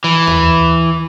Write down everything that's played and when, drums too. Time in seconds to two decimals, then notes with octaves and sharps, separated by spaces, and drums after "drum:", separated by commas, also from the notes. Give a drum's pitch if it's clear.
0.04 E3
0.27 drum: tom D#2